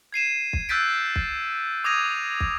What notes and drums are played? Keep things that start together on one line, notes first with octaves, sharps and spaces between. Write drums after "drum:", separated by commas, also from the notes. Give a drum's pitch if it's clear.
G#6 C7 D#7 E7
drum: kick
E6 F#6 G6 A6 B6 D7
drum: kick
D6 D#6 G#6 A#6 D#7 F7
drum: kick